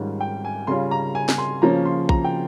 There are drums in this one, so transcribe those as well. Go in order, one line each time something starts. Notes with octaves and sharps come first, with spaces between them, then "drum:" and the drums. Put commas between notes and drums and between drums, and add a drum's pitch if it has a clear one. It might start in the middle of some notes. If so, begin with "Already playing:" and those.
Already playing: G#2 D#3 G3 C#4 F4
G5
G#5
C#3 G3 C#4 F4 C6
A#5
G#5
drum: snare
C6
C#3 F3 A#3 C#4 F4 A#5
C6
A#5, drum: kick A#1
G5